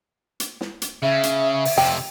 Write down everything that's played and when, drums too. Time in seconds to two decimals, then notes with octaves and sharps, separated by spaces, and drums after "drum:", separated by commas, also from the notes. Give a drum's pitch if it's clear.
0.40 drum: hi-hat
0.61 drum: snare
0.82 drum: hi-hat
1.02 C#3 E5
1.23 drum: hi-hat
1.65 drum: open hi-hat
1.78 F2 C3 G5